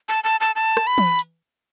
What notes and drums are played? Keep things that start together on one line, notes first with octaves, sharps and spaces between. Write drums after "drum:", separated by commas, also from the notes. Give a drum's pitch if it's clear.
A5
A5
A5
A5
drum: rim click
B5
drum: tom E3
drum: hi-hat